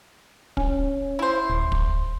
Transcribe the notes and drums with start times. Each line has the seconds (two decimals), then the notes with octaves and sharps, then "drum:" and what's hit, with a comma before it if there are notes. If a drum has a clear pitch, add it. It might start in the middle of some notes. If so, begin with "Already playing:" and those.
0.57 C#4, drum: kick
1.19 E4 C5
1.50 D1
1.72 drum: kick